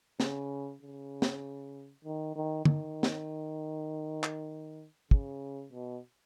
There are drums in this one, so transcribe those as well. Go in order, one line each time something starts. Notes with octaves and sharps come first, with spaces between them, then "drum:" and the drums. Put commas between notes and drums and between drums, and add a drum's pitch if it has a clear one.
C#3, drum: snare
C#3
drum: snare
D#3
D#3
D#3, drum: tom
drum: snare
drum: clap
C#3, drum: kick
B2